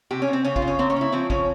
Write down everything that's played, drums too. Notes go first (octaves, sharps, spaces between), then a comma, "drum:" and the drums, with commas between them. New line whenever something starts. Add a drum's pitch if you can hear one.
C3 G4
C#4
C3
C4
C#3 C#4
F4, drum: kick
C#3
C#4
A#3 C4
C#4
C#3 E4
F3 C4
C#3 C#4, drum: kick